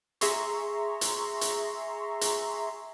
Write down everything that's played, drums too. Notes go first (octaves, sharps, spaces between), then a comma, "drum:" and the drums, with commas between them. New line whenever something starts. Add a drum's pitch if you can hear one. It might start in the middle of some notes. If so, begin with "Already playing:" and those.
G#4 E5 A#5 C6 C#6, drum: hi-hat
drum: hi-hat
drum: hi-hat
drum: hi-hat